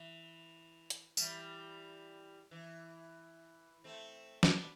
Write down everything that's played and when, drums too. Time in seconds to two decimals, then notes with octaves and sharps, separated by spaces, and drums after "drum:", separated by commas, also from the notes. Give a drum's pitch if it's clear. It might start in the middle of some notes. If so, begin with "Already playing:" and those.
Already playing: E3
0.90 drum: hi-hat
1.17 E3 G3, drum: tambourine
2.51 E3
3.84 A3 C4
4.43 C4, drum: snare
4.52 B3 D4